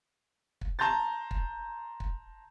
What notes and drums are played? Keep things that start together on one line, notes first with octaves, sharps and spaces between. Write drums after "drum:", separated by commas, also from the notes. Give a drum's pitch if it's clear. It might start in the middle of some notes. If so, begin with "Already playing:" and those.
drum: kick
A5 A#5 C6 G6 A6
drum: kick
drum: kick